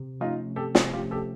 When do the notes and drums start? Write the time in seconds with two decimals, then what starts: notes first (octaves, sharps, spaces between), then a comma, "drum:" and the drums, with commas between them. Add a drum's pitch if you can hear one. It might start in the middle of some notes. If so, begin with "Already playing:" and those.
Already playing: C3
0.20 F3 A3 C#4 D#4 F4
0.56 C3 G4 A4
0.75 F#4 G#4, drum: snare
0.93 F3 A3 C#4 F4 G4
1.11 G4 A4